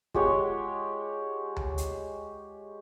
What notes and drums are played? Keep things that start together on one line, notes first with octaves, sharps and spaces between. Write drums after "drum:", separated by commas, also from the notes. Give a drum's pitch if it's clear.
G#3 G4 C#5 F#5, drum: kick
drum: tom D2
drum: hi-hat